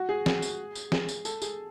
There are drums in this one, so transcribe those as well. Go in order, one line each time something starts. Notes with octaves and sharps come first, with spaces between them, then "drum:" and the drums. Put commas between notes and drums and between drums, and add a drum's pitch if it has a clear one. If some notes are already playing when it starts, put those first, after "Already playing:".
Already playing: F#4
G#4
G#4, drum: snare
drum: tambourine
drum: tambourine
G#4, drum: snare
drum: tambourine
A4, drum: tambourine
G#4, drum: tambourine